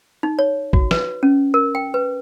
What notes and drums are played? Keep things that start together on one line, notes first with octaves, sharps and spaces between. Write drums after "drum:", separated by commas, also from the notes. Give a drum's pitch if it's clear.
D#4
C#5
F#4, drum: kick
B4, drum: snare
C#4
A#4
G5
B4